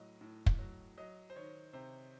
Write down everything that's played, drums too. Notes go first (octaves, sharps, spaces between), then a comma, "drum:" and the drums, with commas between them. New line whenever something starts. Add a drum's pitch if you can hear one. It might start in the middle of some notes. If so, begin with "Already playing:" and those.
Already playing: A2 F#3 D#5
A2
drum: kick
F#3
F#3 D#5
C5
D#3 C#5
C3 C5